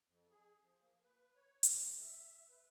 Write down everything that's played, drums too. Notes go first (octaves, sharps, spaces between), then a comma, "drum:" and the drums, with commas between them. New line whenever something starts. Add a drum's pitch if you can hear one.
F2
G#4
F3
A#3
B4
C#5
drum: hi-hat
G#3
E5
B4